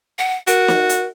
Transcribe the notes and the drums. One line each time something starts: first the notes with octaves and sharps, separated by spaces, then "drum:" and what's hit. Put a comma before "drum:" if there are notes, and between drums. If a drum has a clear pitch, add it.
F#5
F#4 A#4, drum: hi-hat
drum: snare
drum: hi-hat